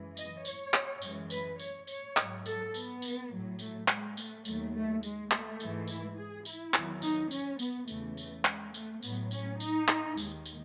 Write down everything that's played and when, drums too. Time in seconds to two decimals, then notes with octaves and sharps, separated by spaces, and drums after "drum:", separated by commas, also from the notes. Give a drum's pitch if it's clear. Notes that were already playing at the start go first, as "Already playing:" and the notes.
Already playing: F#2 E3 G#3
0.17 D#5, drum: tambourine
0.45 C#5, drum: tambourine
0.74 drum: clap
1.02 F#2 E3 G#3, drum: tambourine
1.30 B4, drum: tambourine
1.59 C#5, drum: tambourine
1.87 C#5, drum: tambourine
2.17 G#2 F#3, drum: clap
2.46 A4, drum: tambourine
2.74 B3, drum: tambourine
3.02 drum: tambourine
3.30 A2 F#3
3.59 A3, drum: tambourine
3.88 G#3, drum: clap
4.17 A3, drum: tambourine
4.45 D#2 D#3 F#3 A3, drum: tambourine
4.74 A3
5.03 G#3, drum: tambourine
5.31 A3, drum: clap
5.60 G#2 E3 G#3, drum: tambourine
5.88 E4, drum: tambourine
6.17 G#4
6.45 E4, drum: tambourine
6.74 E2 D#3 F#3, drum: clap
7.02 D#4, drum: tambourine
7.31 C#4, drum: tambourine
7.59 B3, drum: tambourine
7.88 E2 C#3 E3 A3, drum: tambourine
8.17 A3, drum: tambourine
8.45 G#3, drum: clap
8.74 A3, drum: tambourine
9.02 A2 F#3 B3, drum: tambourine
9.31 C#4, drum: tambourine
9.60 D#4, drum: tambourine
9.88 drum: clap
10.17 D#2 D#3 G#3, drum: tambourine
10.45 drum: tambourine